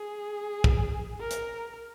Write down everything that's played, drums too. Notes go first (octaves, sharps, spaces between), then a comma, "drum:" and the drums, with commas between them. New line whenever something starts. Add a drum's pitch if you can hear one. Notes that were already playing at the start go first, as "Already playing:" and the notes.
Already playing: G#4
drum: kick
A#4
drum: hi-hat